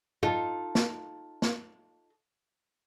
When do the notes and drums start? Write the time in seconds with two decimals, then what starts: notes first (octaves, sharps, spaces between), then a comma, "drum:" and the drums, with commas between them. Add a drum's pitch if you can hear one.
0.23 D#4 F4 A4, drum: tom
0.75 drum: snare
1.42 drum: snare